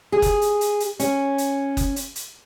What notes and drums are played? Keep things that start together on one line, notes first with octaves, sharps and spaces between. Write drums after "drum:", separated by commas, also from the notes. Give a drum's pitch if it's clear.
G#4
drum: kick F#1, hi-hat
drum: hi-hat
drum: hi-hat
drum: hi-hat
C#4, drum: hi-hat
drum: hi-hat
drum: kick F#1, hi-hat
drum: hi-hat
drum: hi-hat